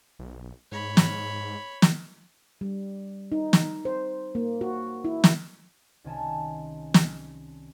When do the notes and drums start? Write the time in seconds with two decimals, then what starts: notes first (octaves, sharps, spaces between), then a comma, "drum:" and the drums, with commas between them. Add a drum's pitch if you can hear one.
0.19 B1
0.72 G#2 C#5 B5
0.97 drum: snare
1.82 drum: snare
2.61 G3
3.32 D#4
3.53 drum: snare
3.85 C5
4.35 A#3
4.61 F#4
5.05 E4
5.24 drum: snare
6.04 C2 D#3 C#4 G#5 A5
6.94 drum: snare